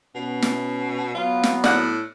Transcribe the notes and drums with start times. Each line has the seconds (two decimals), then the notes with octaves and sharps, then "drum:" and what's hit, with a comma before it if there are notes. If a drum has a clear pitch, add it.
0.15 B2 B3 C#4
0.42 drum: snare
1.15 F#3 B3 F4
1.43 drum: snare
1.64 A2 D5 F#5, drum: snare